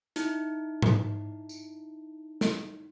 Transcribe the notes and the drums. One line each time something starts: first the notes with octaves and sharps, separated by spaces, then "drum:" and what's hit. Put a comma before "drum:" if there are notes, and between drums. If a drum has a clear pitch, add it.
D#4 E4, drum: hi-hat
drum: tom G#2
drum: tambourine
drum: snare